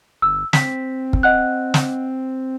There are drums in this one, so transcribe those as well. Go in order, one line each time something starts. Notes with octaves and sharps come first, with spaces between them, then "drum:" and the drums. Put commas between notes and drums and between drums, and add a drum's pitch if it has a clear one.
G1 E6
C4 B6, drum: snare
drum: kick
D#5 F#5 F#6
drum: snare